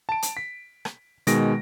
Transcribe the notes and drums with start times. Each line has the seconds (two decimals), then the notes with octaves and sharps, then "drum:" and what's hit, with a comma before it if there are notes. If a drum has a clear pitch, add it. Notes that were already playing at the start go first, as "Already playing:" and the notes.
0.09 A5 D7
0.22 drum: hi-hat
0.37 B6
0.85 drum: rim click
1.27 B2 D#3 G#3 A#6 D7, drum: hi-hat